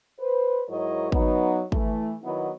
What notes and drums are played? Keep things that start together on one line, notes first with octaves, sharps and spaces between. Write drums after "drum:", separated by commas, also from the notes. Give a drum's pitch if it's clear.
B4 C5
G#2 F#3 E4 A#4 C#5 D#5
F#3 B3 D#4, drum: kick
E3 A3, drum: kick
D#3 F#3 B3 D#4 E4 D#5